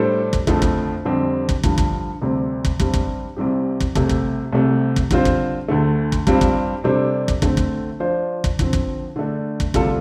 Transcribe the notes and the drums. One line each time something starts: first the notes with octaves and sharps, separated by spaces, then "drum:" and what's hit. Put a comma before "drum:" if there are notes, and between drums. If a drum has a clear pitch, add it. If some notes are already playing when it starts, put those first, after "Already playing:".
Already playing: A2 G3 D4 A4 C5
drum: kick
F2 D3 F3 A3, drum: kick
drum: kick
F2 D3 G3 C4 G4
drum: kick
G2 D3 F3, drum: kick
drum: kick
D2 C3 G3 C4
drum: kick
G2 G3 C4, drum: kick
drum: kick
C2 C3 G3 C4 G4
drum: kick
C2 C3 A3, drum: kick
drum: kick
C2 C3 A3
drum: kick
D3 G3 C4 F4 C5, drum: kick
drum: kick
D2 D3 A3
drum: kick
G2 G3 C4 F4, drum: kick
drum: kick
C3 G3 D4 A4 C5
drum: kick
D3 A3 C4 A4, drum: kick
drum: kick
F3 D4 F4 C5
drum: kick
D3 F3 C4, drum: kick
drum: kick
D3 A3 D4
drum: kick
D2 C3 G3 F4 A4, drum: kick